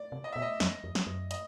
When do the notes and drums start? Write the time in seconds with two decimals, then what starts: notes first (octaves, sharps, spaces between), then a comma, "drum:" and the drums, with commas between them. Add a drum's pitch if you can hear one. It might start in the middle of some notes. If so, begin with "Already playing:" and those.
Already playing: D5
0.12 C3
0.24 D#5
0.32 B2 E5
0.42 D#5
0.60 F2, drum: snare
0.84 F2
0.95 drum: snare
1.07 F#2
1.31 D#5, drum: hi-hat